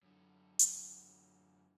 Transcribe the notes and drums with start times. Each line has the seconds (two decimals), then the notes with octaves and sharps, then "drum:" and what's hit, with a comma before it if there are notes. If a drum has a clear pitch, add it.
0.03 F#2 D3
0.59 drum: hi-hat